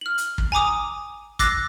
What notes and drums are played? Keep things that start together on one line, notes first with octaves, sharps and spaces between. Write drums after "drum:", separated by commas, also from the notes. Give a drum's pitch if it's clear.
F6 F#7
drum: hi-hat
drum: kick
G#5 A#5 D6 D#6
D6 E6 F#6 A6 A#6 C7, drum: kick, hi-hat